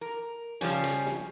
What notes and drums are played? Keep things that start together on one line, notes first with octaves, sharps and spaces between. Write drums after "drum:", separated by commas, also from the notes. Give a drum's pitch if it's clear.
A#4
C#3 F3 G3 C#4, drum: hi-hat
drum: hi-hat
drum: snare